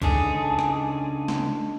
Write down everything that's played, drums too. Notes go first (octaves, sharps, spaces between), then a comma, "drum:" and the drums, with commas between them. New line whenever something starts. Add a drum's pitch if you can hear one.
C#2 D4 D#4 G#4 A4, drum: kick
drum: rim click
drum: snare